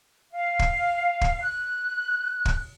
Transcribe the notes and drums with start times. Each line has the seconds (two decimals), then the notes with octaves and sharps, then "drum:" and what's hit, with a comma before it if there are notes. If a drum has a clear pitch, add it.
0.32 F5
0.59 drum: kick
1.21 drum: kick
1.42 F#6
2.45 drum: kick